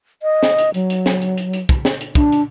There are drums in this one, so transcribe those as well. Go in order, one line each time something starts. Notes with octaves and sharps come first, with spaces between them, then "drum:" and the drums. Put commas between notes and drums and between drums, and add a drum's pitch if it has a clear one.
D#5
drum: snare
drum: hi-hat
F#3, drum: hi-hat
drum: hi-hat
drum: snare
drum: hi-hat
drum: hi-hat
drum: hi-hat
drum: kick, hi-hat
drum: snare
drum: hi-hat
D4, drum: kick, hi-hat
drum: hi-hat